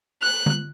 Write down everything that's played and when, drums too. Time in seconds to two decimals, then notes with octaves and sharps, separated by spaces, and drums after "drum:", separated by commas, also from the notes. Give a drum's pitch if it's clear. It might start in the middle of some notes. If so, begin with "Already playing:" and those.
0.22 F#6
0.46 drum: tom D3